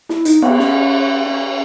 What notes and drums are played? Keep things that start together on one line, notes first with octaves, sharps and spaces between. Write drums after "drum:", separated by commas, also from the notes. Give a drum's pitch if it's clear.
E4, drum: snare
D#4, drum: hi-hat
B3, drum: cymbal
C#4, drum: snare
C#4